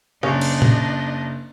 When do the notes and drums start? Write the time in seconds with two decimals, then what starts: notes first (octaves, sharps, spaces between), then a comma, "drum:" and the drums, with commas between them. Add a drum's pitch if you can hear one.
0.23 F#1 A#3 C#4 D4 D#5
0.41 drum: cymbal
0.62 drum: tom A#2